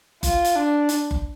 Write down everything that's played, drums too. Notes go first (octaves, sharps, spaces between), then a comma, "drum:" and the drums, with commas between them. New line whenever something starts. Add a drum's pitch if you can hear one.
F4, drum: kick F#1, hi-hat
drum: hi-hat
D4
drum: hi-hat
drum: kick F#1